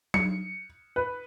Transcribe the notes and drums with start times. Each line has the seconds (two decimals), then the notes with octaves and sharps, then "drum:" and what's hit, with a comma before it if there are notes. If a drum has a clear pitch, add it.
0.14 C#7, drum: tom F#3
0.96 B4